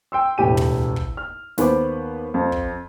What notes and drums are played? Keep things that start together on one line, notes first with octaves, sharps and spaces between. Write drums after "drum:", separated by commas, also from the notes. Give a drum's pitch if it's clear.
G5 C6 E6
E1 A2 G4 D#7
drum: tom
drum: kick
F6
D#2 B3 B4 C5 D6, drum: snare
F2
drum: kick